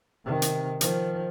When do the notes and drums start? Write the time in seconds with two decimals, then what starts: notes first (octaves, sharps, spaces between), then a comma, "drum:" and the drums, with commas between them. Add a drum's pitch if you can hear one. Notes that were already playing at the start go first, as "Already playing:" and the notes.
0.25 C3 D#3
0.42 drum: hi-hat
0.81 D#3 F3, drum: hi-hat